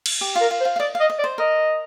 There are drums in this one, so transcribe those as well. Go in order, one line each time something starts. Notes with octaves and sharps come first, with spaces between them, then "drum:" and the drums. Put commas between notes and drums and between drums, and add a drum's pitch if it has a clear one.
drum: cymbal
G4
F4
A#4
F4
C5
F4
F5
D5 D#5
D#5 F5
D#5
D5
C5
A#4 D#5